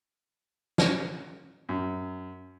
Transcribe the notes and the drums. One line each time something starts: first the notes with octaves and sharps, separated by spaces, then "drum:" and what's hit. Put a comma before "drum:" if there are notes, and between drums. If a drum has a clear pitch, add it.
drum: snare
F#2